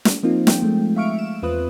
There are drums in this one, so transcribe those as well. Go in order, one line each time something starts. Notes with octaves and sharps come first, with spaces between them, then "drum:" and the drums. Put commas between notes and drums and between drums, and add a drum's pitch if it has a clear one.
drum: snare
F3 A#3 C4 D#4 F4
G5, drum: snare
F3 G#3 A3
E5 F5 C#6 F6 D7
E7
E2 C4 F4 B4 D#6 F#6